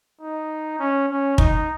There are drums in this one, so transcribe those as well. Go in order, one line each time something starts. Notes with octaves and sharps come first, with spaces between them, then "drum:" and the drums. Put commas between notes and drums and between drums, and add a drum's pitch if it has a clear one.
D#4
C#4
C#4
D#4, drum: kick